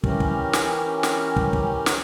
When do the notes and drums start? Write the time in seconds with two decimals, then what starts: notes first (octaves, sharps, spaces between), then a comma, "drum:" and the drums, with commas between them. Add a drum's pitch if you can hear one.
0.04 E3 C#4 G4 A#4, drum: kick
0.20 drum: kick
0.53 drum: snare
1.03 drum: snare
1.36 drum: kick
1.53 drum: kick
1.86 drum: snare